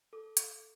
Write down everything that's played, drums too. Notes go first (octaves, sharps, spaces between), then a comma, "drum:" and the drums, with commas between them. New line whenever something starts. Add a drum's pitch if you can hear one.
A4 D6
drum: hi-hat